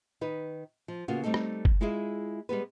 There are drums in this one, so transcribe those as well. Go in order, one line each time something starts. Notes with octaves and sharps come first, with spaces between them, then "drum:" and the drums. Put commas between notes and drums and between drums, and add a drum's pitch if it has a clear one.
D#3 D#4 B4
F3
C#3 A#3 B3 F4 F#4
G3 A3 C4 D#4 A4
drum: rim click
drum: kick F#1
G#3 E4 F4 G#4 E5
G3 G#3 B3 B4